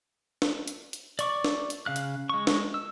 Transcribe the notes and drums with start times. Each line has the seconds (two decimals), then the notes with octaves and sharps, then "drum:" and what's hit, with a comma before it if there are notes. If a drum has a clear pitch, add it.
0.42 drum: snare
0.68 drum: hi-hat
0.93 drum: hi-hat
1.19 D5 C#6 D6, drum: hi-hat
1.45 drum: snare
1.70 drum: hi-hat
1.86 C#3 F5 F#6
1.96 drum: hi-hat
2.29 G#3 C#6
2.47 drum: snare
2.74 E6